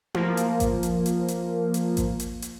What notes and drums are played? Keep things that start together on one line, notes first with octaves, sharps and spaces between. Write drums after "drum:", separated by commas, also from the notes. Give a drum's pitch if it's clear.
F3 A#3, drum: tom E4
drum: hi-hat
drum: kick A1, hi-hat
drum: hi-hat
drum: hi-hat
drum: hi-hat
drum: hi-hat
drum: kick A1, hi-hat
drum: hi-hat
drum: hi-hat